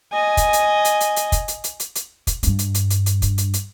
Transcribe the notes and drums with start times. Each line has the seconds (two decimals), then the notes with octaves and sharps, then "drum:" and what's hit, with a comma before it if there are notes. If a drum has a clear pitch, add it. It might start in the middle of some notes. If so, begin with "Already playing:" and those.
0.13 D#5 G#5
0.37 drum: kick, hi-hat
0.53 drum: hi-hat
0.85 drum: hi-hat
1.00 drum: hi-hat
1.16 drum: hi-hat
1.32 drum: kick, hi-hat
1.48 drum: hi-hat
1.64 drum: hi-hat
1.80 drum: hi-hat
1.95 drum: hi-hat
2.27 drum: kick, hi-hat
2.43 G2 D4, drum: hi-hat
2.59 drum: hi-hat
2.74 drum: hi-hat
2.90 drum: hi-hat
3.06 drum: hi-hat
3.22 drum: kick, hi-hat
3.38 drum: hi-hat
3.54 drum: hi-hat